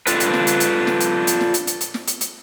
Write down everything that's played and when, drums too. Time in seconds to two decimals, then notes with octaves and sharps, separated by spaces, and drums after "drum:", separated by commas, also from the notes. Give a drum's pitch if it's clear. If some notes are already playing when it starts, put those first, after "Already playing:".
0.07 D4 F4 A4 B4, drum: hi-hat
0.20 drum: hi-hat
0.34 drum: snare
0.47 drum: hi-hat
0.60 drum: hi-hat
0.87 drum: snare
1.00 drum: hi-hat
1.27 drum: hi-hat
1.41 drum: snare
1.54 drum: hi-hat
1.67 drum: hi-hat
1.81 drum: hi-hat
1.94 drum: snare
2.08 drum: hi-hat
2.21 drum: hi-hat